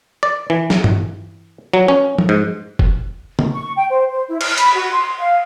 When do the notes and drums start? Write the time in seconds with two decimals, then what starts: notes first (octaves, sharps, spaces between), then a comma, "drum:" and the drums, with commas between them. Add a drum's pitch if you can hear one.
0.23 D5
0.50 E3
0.70 drum: snare
0.84 drum: tom G2
1.74 F#3
1.88 C#4
2.19 drum: tom F3
2.29 G#2
2.79 drum: kick F1
3.39 drum: tom C#3
3.54 C#6
3.77 G5
3.90 C5
4.11 C5
4.28 E4
4.41 F6, drum: cymbal
4.58 B5, drum: hi-hat
4.74 F#4
4.92 C6
5.19 F5